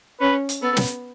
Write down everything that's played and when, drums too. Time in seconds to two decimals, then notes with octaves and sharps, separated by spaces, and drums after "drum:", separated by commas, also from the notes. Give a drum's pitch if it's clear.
0.21 C#4 B4
0.49 drum: hi-hat
0.63 B3 A4
0.77 drum: snare